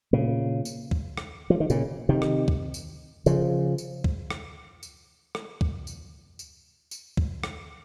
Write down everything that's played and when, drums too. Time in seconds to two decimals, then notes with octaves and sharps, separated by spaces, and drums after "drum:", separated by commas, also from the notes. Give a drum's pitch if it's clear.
0.13 A#2 C#3
0.65 drum: tambourine
0.91 drum: kick
1.17 drum: rim click
1.50 F3
1.60 D#3
1.70 A#2 C#3, drum: tambourine
2.09 C3 D#3
2.22 drum: rim click
2.48 drum: kick
2.74 drum: tambourine
3.26 C#3 F3, drum: tambourine
3.78 drum: tambourine
4.04 drum: kick
4.30 drum: rim click
4.83 drum: tambourine
5.35 drum: rim click
5.61 drum: kick
5.87 drum: tambourine
6.39 drum: tambourine
6.91 drum: tambourine
7.17 drum: kick
7.44 drum: rim click